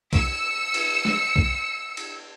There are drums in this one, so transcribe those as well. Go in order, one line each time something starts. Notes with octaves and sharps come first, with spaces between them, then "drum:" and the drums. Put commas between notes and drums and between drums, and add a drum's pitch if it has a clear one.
E6 C#7, drum: kick B1, cymbal
drum: cymbal
drum: snare
drum: kick B1
drum: cymbal